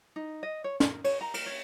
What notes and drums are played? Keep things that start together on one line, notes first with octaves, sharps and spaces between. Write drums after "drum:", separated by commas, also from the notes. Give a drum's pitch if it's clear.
D#4
D#5
C#5
A#4, drum: snare
C#5, drum: cymbal
A#5
A#4, drum: cymbal
C#5